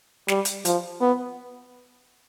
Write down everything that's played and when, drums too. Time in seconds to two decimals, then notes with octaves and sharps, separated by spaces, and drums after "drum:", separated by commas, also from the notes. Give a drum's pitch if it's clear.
0.28 G3, drum: snare
0.45 drum: hi-hat
0.65 F3, drum: hi-hat
1.01 B3